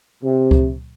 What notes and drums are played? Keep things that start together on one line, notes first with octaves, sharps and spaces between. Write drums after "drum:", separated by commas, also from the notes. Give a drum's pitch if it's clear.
C3
drum: kick C#2